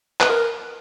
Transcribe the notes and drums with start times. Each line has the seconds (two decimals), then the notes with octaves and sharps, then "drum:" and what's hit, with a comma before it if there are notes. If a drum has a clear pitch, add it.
0.20 B4, drum: clap
0.29 A#4